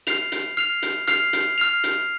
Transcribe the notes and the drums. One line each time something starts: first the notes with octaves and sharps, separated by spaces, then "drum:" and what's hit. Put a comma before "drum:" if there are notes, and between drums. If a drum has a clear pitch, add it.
F6 C7 F7, drum: hi-hat
drum: hi-hat
F6 C7 F7
drum: hi-hat
F6 C7 F7, drum: hi-hat
drum: hi-hat
F6 C7 F7
drum: hi-hat